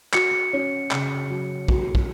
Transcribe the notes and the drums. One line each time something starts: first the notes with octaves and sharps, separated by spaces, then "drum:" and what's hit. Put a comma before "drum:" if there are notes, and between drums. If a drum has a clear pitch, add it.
F#4 C#7, drum: clap
C#7
C#4
C#3, drum: clap
F#3
F#4, drum: kick
drum: kick